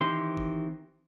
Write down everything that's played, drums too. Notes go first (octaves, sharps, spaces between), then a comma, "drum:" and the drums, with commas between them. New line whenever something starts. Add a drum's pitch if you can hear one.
D#3 E3 C4 G4 C6
drum: kick